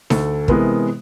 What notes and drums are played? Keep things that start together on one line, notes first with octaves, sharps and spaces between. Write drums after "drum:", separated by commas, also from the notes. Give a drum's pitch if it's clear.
D2 A4, drum: snare D#4
C3 E3 G#3 B3 A#4, drum: kick